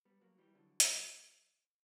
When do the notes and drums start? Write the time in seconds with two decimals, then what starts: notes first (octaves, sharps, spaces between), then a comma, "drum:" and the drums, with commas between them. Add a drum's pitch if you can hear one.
0.05 G3 B3
0.21 F#3 A#3
0.38 E3 G3
0.55 D3 F#3
0.80 F#3 A#3, drum: hi-hat